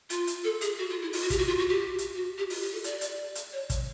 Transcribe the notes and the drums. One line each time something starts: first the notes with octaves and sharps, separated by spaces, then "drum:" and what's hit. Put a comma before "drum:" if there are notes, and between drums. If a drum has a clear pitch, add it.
F4, drum: hi-hat
drum: hi-hat
A4
G#4, drum: hi-hat
F#4
F4
E4
F4, drum: open hi-hat
F#4
G4, drum: kick, hi-hat
F#4
F4
F#4
G4
drum: hi-hat
F#4
G4
F4, drum: open hi-hat
G4
A4
D5, drum: hi-hat
drum: hi-hat
drum: hi-hat
C#5
drum: kick, hi-hat